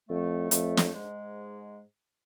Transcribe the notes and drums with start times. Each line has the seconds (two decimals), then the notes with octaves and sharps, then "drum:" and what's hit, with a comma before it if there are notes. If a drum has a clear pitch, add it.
0.09 F2 A2 A3
0.51 F2, drum: hi-hat
0.77 drum: snare
0.93 G#2 G#3